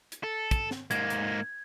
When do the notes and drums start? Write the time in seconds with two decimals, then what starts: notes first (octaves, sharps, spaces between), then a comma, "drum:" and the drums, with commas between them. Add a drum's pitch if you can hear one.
0.12 drum: hi-hat
0.24 A4
0.51 drum: kick, hi-hat
0.71 drum: snare
0.91 G#2 A#3 G#6, drum: hi-hat
1.10 drum: hi-hat